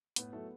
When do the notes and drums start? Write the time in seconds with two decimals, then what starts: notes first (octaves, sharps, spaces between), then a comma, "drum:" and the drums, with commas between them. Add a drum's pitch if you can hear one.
0.16 A2 B3, drum: hi-hat
0.33 F#3 A3 E4 A4